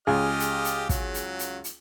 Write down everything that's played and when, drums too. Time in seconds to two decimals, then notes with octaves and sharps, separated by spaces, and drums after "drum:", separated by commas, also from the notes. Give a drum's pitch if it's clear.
0.07 C#2 G4 G#4 D#5 G#5 F6
0.40 drum: hi-hat
0.64 drum: hi-hat
0.89 F#3, drum: kick, hi-hat
1.14 drum: hi-hat
1.39 drum: hi-hat
1.64 drum: hi-hat